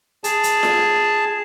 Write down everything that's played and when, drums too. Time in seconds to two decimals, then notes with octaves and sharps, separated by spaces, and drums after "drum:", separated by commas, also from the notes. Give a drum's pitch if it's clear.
0.24 G#4 A5, drum: hi-hat
0.43 drum: hi-hat
0.63 drum: snare F4